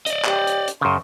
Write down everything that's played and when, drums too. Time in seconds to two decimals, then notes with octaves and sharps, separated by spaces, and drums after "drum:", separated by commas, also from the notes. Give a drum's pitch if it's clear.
0.06 D5 D#5, drum: hi-hat
0.25 G4, drum: clap
0.47 drum: hi-hat
0.68 drum: hi-hat
0.81 F#2 C#3 C6